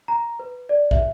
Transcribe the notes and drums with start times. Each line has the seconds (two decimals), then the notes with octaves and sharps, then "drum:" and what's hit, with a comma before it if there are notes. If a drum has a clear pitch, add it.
0.08 A#5
0.39 B4
0.69 D5
0.91 E5, drum: kick